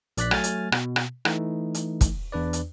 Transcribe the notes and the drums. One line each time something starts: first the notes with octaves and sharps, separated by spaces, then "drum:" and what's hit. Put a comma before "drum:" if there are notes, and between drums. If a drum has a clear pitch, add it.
A#1 D5 F#6 B6, drum: hi-hat
F#3 A3 G#5 F6 A6, drum: rim click
drum: hi-hat
B2, drum: rim click
drum: rim click
E3 A3 D#4, drum: rim click
drum: hi-hat
drum: kick, hi-hat
E2 D4 B4 D5
drum: hi-hat